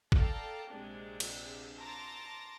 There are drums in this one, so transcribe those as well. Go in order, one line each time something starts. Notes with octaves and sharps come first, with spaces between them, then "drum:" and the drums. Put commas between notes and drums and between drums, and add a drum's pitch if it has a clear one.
A4 D5 F5 G5 A5 A#5, drum: kick
A#1 C3 G#3 D4
drum: cymbal
A5 A#5 C6 D6 A6 A#6